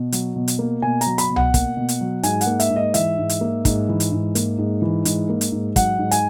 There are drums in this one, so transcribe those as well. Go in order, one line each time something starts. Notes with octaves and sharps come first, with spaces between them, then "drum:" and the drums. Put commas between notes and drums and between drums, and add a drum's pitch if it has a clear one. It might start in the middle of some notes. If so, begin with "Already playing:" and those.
Already playing: B2
F#3, drum: hi-hat
B2
drum: hi-hat
A#3
B2 G#5
A#5, drum: hi-hat
F#3
B5, drum: hi-hat
B2
F#5, drum: tom C2
A#3, drum: kick, hi-hat
B2
drum: hi-hat
F#3
G#2 G#5, drum: hi-hat
F#5, drum: hi-hat
A#3
E5, drum: hi-hat
G#2
D#5
E3 E5, drum: hi-hat
G#2
drum: hi-hat
A#3
G#2, drum: kick, hi-hat
E3
drum: hi-hat
G#2
A#3, drum: hi-hat
G#2
E3
G#2, drum: hi-hat
A#3
drum: hi-hat
G#2
F#3 F#5, drum: kick, hi-hat
G#2
G#5, drum: hi-hat